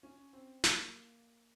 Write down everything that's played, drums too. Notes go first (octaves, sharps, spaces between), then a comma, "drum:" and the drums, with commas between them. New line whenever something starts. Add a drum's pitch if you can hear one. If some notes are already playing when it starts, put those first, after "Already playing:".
C#4
C4
A#3, drum: snare